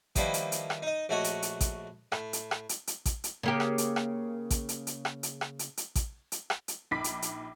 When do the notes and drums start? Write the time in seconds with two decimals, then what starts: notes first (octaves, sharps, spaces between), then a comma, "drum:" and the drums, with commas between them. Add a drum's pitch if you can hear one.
0.16 D#3 F3 G3 A#3 B3 E4, drum: kick A1, hi-hat
0.34 drum: hi-hat
0.52 drum: hi-hat
0.70 drum: rim click
0.82 D#4 D#5
1.09 A#1 A3 F#4 C#5 D#5 F#5
1.24 drum: hi-hat
1.42 drum: hi-hat
1.61 drum: kick A1, hi-hat
2.12 A2, drum: rim click
2.33 drum: hi-hat
2.51 drum: rim click
2.69 drum: hi-hat
2.87 drum: hi-hat
3.06 drum: kick A1, hi-hat
3.24 drum: hi-hat
3.43 C#3 A#3 G4
3.60 drum: rim click
3.78 drum: hi-hat
3.96 drum: rim click
4.51 drum: kick A1, hi-hat
4.69 drum: hi-hat
4.87 drum: hi-hat
5.05 drum: rim click
5.23 drum: hi-hat
5.41 drum: rim click
5.59 drum: hi-hat
5.77 drum: hi-hat
5.95 drum: kick A1, hi-hat
6.32 drum: hi-hat
6.50 drum: rim click
6.68 drum: hi-hat
6.91 A#1 D#4 B5 D6 B6
7.04 drum: hi-hat
7.22 drum: hi-hat